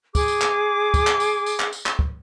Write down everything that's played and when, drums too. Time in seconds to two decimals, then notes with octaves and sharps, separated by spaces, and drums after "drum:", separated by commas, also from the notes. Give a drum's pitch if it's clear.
0.15 G#4 D6, drum: kick, tambourine
0.28 drum: tambourine
0.41 drum: clap
0.94 drum: kick, tambourine
1.07 drum: clap
1.20 drum: tambourine
1.46 drum: tambourine
1.59 drum: clap
1.73 drum: tambourine
1.86 drum: clap
1.99 drum: kick